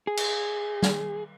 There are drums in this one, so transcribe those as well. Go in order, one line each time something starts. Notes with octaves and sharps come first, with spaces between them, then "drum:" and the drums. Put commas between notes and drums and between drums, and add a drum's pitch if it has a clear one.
G#4
drum: cymbal
drum: snare